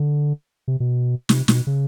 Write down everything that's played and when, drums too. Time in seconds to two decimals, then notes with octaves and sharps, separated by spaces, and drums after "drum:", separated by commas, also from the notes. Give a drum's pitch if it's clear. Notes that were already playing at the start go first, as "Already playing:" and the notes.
Already playing: D3
0.68 C3
0.80 B2
1.29 C3, drum: snare
1.48 B2, drum: snare
1.67 C#3